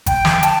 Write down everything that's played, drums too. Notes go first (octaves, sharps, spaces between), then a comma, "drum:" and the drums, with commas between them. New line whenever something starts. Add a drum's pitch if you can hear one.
G5, drum: kick G#1, hi-hat
drum: snare
A5, drum: hi-hat